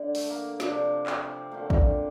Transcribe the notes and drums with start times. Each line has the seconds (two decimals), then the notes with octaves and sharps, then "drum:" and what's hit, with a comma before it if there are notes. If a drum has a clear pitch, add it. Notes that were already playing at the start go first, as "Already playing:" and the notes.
Already playing: D3
0.15 A3, drum: open hi-hat
0.29 A#3
0.60 C3 F3 A3 D4, drum: snare
1.06 C4, drum: clap
1.51 D3 F3 A3 A#3
1.70 drum: kick